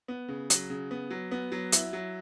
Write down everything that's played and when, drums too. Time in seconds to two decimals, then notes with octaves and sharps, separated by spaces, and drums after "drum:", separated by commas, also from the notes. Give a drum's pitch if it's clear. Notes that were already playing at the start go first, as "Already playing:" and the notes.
0.08 B3
0.28 C#3
0.50 F#3, drum: hi-hat
0.70 C#3
0.91 B3
1.10 F#3
1.31 B3
1.52 F#3
1.72 E4, drum: hi-hat
1.93 F#3